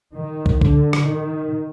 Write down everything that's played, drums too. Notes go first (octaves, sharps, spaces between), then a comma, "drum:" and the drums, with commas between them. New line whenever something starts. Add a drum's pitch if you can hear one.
D#3
drum: kick
D3, drum: kick
drum: rim click
D#3